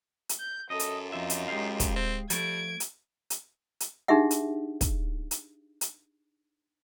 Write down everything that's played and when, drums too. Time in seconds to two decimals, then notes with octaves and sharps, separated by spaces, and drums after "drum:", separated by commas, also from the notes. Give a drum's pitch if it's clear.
0.29 drum: hi-hat
0.39 G6
0.70 F#2 A4 D#5
0.79 drum: hi-hat
1.13 F2 D#4 F4 E5
1.30 drum: hi-hat
1.48 G#3 G4 F5
1.80 drum: kick, hi-hat
1.96 C4
2.30 F3 G3 A3 G#6 D7, drum: hi-hat
2.80 drum: hi-hat
3.30 drum: hi-hat
3.80 drum: hi-hat
4.08 D4 D#4 G4 G#4 E5 F#5
4.31 drum: hi-hat
4.81 drum: kick, hi-hat
5.31 drum: hi-hat
5.81 drum: hi-hat